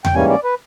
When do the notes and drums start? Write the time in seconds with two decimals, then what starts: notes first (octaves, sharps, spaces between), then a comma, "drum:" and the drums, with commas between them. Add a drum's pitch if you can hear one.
0.05 G5, drum: tom E2
0.14 G#2 E3 G3 A#3 C#4 G#5
0.30 D5
0.44 B4